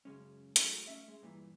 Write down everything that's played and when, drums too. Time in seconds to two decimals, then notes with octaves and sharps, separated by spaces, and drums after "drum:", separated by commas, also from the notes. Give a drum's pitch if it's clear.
0.05 F#2 C#3 G#3 C#4
0.56 G#2 F#3 A3 C#4 D#4, drum: hi-hat
0.87 A3 C#4 E5
1.08 G#3
1.22 G2 A#2 D#3 E3